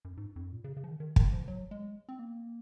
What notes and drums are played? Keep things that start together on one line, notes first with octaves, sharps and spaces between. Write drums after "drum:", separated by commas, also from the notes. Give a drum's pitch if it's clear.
F#2
G#2
F2
F#2
A#2
C#3
C#3
F3
D#3
D#3
D#3, drum: kick
F3
F#3
G#3
C4
A#3